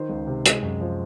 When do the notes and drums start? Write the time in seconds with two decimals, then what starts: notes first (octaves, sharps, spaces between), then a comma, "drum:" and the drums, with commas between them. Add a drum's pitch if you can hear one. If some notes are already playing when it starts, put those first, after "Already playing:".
Already playing: D#3 C5
0.09 C#2
0.27 C3
0.46 G#3, drum: hi-hat
0.63 F#2
0.81 F3